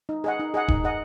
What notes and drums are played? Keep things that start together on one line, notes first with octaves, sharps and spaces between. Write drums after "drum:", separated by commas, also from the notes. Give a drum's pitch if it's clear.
D#4
G#4 D#5 F#5
D#4
G#4 D#5 F#5
D#4, drum: kick
G#4 D#5 F#5